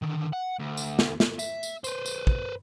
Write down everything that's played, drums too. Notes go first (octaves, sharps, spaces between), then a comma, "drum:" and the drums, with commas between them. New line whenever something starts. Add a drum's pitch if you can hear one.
D3 D#3
F#5
D2
drum: tambourine
drum: snare
drum: snare
E5, drum: tambourine
drum: tambourine
B4 C5, drum: tambourine
drum: tambourine
drum: kick